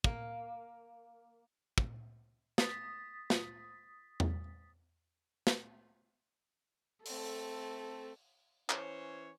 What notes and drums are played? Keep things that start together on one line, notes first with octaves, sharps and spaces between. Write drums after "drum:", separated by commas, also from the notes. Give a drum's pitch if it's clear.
A#3, drum: kick
drum: kick
D#6 A6 B6, drum: snare
F4, drum: snare
drum: tom E2
drum: snare
A3 C4 A4, drum: open hi-hat
E3 C#4 C5 C#5, drum: clap